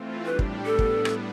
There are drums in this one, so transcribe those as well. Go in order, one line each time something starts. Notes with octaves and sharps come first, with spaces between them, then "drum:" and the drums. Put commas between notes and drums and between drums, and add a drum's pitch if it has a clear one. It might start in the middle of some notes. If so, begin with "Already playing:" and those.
Already playing: E3 A3 C4 F4
A2 G3 D4 G4 B4
drum: kick
A2 G3 B3 D4 A4
drum: kick
drum: rim click